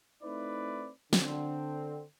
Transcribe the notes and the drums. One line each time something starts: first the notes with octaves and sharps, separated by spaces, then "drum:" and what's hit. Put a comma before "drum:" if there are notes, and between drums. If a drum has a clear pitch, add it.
A3 C4 D#4 E4 B4 D5
D3 C4, drum: snare